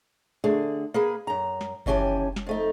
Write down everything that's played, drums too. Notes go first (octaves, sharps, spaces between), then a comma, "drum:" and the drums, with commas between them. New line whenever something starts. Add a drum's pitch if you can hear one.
D3 A3 G#4
A#3 G#4 B4
F#2 A#5
drum: snare
D#2 E3 C#4 G4 G#5 A5, drum: kick F#1
drum: snare
F2 A3 D#4